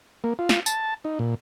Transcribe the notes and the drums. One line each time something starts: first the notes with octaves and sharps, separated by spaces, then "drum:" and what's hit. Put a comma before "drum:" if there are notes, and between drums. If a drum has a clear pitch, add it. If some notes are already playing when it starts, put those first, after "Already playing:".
A#3
F4
drum: snare
A5, drum: tambourine
D#4
A#2